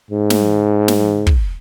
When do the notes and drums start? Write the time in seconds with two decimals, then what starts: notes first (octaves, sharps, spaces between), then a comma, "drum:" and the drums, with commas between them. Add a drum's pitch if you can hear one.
0.11 G#2
0.30 drum: snare
0.88 drum: snare
1.27 drum: kick